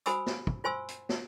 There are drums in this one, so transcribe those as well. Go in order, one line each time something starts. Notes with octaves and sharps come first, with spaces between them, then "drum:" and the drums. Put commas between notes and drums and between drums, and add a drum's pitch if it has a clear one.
F#4 C5 G#5 B5 D#6 E6, drum: hi-hat
drum: snare
drum: kick
F4 C5 G#5 C6 E6
drum: hi-hat
drum: snare